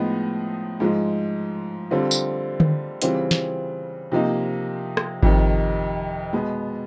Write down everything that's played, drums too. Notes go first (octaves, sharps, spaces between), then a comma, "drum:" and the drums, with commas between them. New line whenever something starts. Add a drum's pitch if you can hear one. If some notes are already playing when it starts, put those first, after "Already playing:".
Already playing: A2 F3 G#3 B3 D#4
G#2 F3 G#3
D3 G3 C4 F4
drum: tambourine
drum: tom D3
C#3 E3 G3 C4 F4, drum: hi-hat
drum: snare
C3 F3 A#3 D#4
drum: rim click
F2 C3 D#3, drum: kick G#1
B2 G#3 B3